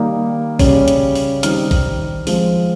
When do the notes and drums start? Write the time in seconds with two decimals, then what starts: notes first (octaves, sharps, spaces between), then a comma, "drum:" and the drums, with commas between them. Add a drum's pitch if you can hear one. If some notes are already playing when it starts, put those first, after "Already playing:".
Already playing: D#3 G3 A#3 D#4
0.59 C#3 G3 C#4, drum: kick A#1, open hi-hat
0.88 drum: hi-hat
1.15 drum: open hi-hat
1.43 D#3 G3 C4 D#4 F6, drum: hi-hat
1.71 drum: kick A#1, open hi-hat
2.27 F3 G#3 C4, drum: open hi-hat